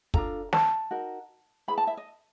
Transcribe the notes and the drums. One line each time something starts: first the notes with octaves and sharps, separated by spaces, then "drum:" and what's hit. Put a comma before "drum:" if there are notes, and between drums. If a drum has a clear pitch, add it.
D4 F4 A4 A#5, drum: kick
A5, drum: snare
D#4 F#4 A#4
E4 G#4 B4 B5
A5
E5
D#5